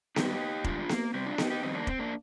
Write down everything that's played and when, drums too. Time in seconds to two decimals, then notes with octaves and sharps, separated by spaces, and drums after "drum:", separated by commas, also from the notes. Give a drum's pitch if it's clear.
0.16 G2 D#3 G3 D#4 G4, drum: snare B3
0.64 G#2 D#3 G3 D4 F4, drum: kick E1
0.89 A#3, drum: snare B3
1.14 C3 G3 C4
1.26 D4 F4
1.38 D#4 G4, drum: snare B3
1.50 D#4 G4
1.62 F2 D#3 G3 C4 D#4
1.75 A#3 D4
1.87 C4, drum: kick E1
1.99 A#3 D4